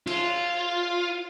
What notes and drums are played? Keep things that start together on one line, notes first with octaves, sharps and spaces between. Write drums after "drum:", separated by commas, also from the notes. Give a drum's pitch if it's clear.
F4, drum: cymbal